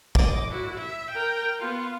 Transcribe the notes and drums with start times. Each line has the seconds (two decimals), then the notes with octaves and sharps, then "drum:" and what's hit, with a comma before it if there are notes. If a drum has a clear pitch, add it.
0.15 D#5 D6, drum: kick
0.48 E4 F#4
0.78 E5
1.10 A#4 G5
1.58 B3 F4